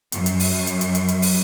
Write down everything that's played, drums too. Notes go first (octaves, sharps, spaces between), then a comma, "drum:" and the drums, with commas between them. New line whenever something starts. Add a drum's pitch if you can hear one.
F#2, drum: hi-hat
drum: hi-hat
drum: open hi-hat
drum: hi-hat
drum: hi-hat
drum: hi-hat
drum: hi-hat
drum: open hi-hat